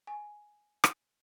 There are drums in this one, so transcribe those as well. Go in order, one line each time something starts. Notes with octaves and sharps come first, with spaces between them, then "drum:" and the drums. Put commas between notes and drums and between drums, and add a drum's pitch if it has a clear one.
G#5
drum: rim click